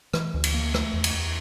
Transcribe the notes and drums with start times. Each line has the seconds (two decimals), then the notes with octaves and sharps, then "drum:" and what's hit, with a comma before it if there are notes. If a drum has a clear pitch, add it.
0.14 E3, drum: rim click
0.34 D2
0.44 drum: cymbal
0.54 A#3
0.74 A3, drum: rim click
0.93 E2
1.04 drum: cymbal
1.14 E2